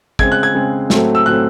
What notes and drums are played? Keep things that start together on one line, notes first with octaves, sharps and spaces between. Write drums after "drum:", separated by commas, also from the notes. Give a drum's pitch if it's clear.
C#3 G#3 C4 G#6, drum: kick
F#6
G#6
C#3 G#3 C4
A2 F#3 A3 C4, drum: snare
E6
A2 F#3 A3 C4 F#6